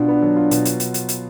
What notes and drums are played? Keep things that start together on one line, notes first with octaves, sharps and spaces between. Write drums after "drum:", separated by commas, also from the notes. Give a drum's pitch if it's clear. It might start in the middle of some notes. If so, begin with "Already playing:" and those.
Already playing: B2 D4 F4
B3
F#3
F4
B2, drum: hi-hat
drum: hi-hat
drum: hi-hat
drum: hi-hat
drum: hi-hat